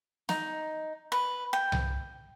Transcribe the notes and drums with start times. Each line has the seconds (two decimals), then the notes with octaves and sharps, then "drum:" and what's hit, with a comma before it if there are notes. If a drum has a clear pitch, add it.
0.29 D#4, drum: snare
1.12 B4
1.53 G5
1.72 drum: tom C2